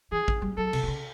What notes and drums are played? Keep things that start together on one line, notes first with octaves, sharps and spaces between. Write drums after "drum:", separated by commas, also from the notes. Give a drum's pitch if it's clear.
E3 G#4
D#3, drum: kick A1
G3
F#3 A4
C3, drum: cymbal
C3
C#3